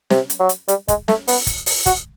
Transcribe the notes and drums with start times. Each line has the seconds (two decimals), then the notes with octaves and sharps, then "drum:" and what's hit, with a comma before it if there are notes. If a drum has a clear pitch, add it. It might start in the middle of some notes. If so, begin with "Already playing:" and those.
0.10 C3, drum: snare
0.30 drum: hi-hat
0.40 F#3
0.49 drum: hi-hat
0.68 G3, drum: hi-hat
0.88 G#3, drum: kick, hi-hat
1.08 A3, drum: snare
1.28 B3, drum: open hi-hat
1.47 drum: kick, hi-hat
1.66 drum: open hi-hat
1.86 F#4, drum: kick, hi-hat